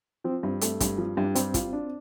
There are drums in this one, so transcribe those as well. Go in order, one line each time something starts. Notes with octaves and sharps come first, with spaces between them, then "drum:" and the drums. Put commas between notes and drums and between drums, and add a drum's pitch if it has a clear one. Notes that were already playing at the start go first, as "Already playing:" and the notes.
F3 C4
G2
A3, drum: hi-hat
G2, drum: kick, hi-hat
F3
G2
D4
G3 C4, drum: hi-hat
F4, drum: kick, hi-hat
D4